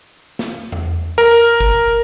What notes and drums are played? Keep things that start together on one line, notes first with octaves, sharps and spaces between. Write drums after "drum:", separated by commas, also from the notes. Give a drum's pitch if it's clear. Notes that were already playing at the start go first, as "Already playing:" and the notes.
drum: snare
drum: tom E2
A#4
drum: kick G1